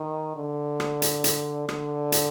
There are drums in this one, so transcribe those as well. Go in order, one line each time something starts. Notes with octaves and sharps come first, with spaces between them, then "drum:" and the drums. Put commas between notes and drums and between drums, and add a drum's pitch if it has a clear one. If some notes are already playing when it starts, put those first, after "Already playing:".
Already playing: D#3
D3
drum: rim click
drum: hi-hat
drum: hi-hat
D3, drum: rim click
drum: hi-hat